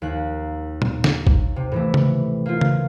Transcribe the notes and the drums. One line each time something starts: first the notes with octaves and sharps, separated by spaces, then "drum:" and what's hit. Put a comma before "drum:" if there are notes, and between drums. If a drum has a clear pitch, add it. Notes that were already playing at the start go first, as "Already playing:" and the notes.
D#2 F#6
drum: tom A#2
drum: snare
drum: kick
C3
A2 E3 A3
drum: tom C#3
A#3 F4
drum: tom C#3